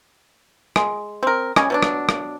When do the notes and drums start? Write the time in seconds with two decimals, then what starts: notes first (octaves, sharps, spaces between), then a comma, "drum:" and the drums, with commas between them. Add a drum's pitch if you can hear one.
0.76 G#3, drum: rim click
1.23 C4 A#4
1.56 G3 C#4 D#5 G#5, drum: rim click
1.70 B2 F#3 D4
1.83 drum: rim click
2.09 drum: rim click